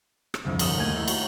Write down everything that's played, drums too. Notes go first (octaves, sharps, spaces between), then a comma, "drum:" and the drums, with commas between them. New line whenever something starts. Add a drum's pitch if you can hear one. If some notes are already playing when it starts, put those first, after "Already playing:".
drum: rim click
G1 C2 F2
G1 E4 A#4 D#6 C#7 E7, drum: cymbal
D#2 A3 G#5 G#6 D#7
A3 E4
F#4, drum: cymbal